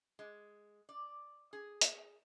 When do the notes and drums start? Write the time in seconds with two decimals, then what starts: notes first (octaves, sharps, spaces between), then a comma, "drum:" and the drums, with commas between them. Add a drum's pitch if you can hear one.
0.19 G#3
0.89 D5
1.53 G#4
1.81 drum: hi-hat